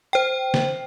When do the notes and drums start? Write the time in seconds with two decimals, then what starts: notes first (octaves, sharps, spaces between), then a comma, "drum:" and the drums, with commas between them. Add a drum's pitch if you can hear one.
0.13 C5 G5
0.54 drum: snare